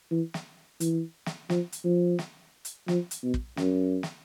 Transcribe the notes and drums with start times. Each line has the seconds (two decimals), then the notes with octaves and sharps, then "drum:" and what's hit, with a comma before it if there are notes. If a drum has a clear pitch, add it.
0.11 E3
0.34 drum: snare
0.80 E3, drum: hi-hat
1.26 drum: snare
1.50 F3, drum: snare
1.72 drum: hi-hat
1.84 F3
2.19 drum: snare
2.65 drum: hi-hat
2.88 F3, drum: snare
3.11 drum: hi-hat
3.23 B2
3.34 drum: kick
3.57 F#2, drum: snare
4.03 drum: snare